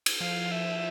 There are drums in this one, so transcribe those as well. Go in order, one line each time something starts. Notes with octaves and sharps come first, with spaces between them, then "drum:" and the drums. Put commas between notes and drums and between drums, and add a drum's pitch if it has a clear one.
drum: cymbal
F3 F5
E5